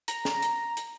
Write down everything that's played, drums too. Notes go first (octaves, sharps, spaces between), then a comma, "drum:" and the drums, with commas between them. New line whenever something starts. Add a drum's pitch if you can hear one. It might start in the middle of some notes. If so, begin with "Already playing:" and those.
A#5, drum: hi-hat
drum: snare
drum: hi-hat
drum: hi-hat